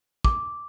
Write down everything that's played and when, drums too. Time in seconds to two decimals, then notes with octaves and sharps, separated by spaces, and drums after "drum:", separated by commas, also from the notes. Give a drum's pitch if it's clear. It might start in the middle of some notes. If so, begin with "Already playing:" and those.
0.25 D6, drum: kick